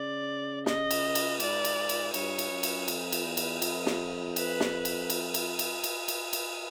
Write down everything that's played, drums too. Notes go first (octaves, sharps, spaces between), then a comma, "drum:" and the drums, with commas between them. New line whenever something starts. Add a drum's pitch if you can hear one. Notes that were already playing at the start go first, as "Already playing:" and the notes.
Already playing: C#3 D5
D#5, drum: snare
drum: cymbal
drum: cymbal
G#2 D5, drum: cymbal
drum: cymbal
drum: cymbal
G2 C#5, drum: cymbal
drum: cymbal
F#2
drum: cymbal
F2, drum: cymbal
drum: cymbal
E2
drum: cymbal
F2, drum: cymbal
drum: snare
B4, drum: cymbal
drum: snare
drum: cymbal
drum: cymbal
drum: cymbal
drum: cymbal
drum: cymbal
drum: cymbal
drum: cymbal